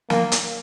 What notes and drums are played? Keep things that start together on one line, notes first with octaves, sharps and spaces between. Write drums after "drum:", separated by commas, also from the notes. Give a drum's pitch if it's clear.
A#3, drum: snare
drum: hi-hat